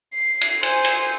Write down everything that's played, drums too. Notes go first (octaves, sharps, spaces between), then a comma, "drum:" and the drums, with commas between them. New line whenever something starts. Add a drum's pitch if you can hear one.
C7
drum: cymbal
C5 G#5, drum: cymbal
drum: cymbal